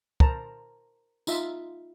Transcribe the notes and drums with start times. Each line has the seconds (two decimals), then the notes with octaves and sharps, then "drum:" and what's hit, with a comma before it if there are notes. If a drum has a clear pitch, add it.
0.20 A#4 C5 A5 A#5, drum: kick
1.27 D#4 F4 E5, drum: tambourine